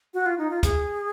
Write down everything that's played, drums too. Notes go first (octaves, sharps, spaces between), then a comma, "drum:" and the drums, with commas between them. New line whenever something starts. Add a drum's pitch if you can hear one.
F#4
F4
D#4
F4
G#4, drum: kick, hi-hat